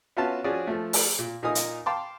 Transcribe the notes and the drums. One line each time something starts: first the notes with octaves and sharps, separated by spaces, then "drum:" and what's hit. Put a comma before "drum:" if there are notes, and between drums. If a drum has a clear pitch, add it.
B3 C#4 F4 F#4 E5 A5
F3 C#4 F#4 G#4 D5
F3 A3
drum: open hi-hat
A#2
A#2 D#4 A#4 G#5 D#6
drum: hi-hat
F5 G5 A5 C6 D6